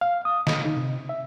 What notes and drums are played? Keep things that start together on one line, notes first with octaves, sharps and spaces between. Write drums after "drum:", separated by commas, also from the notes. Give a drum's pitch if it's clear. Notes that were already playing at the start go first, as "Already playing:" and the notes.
F5
D#6
D#5, drum: snare
D#4
C3
E5